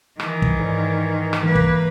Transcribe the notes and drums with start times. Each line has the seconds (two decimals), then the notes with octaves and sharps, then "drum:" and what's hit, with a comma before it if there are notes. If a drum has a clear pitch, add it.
0.20 D#3 E3, drum: rim click
0.42 drum: kick
0.59 G#2 D5
1.33 drum: rim click
1.42 E3 A#3 B4
1.55 drum: kick